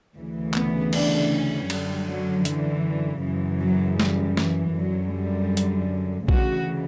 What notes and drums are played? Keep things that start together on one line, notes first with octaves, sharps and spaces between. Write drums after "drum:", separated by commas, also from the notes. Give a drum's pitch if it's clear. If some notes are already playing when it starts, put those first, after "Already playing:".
D2 C#3 E3
B3, drum: clap
D4, drum: cymbal
C#4
F#2 D3 G3, drum: cymbal
F#3
E3, drum: hi-hat
F#2 C#3 E3
F#3
G3, drum: snare
E3, drum: snare
F#2 D3 F#3
G3
drum: hi-hat
D2 C#3 E3 F#4, drum: kick A#1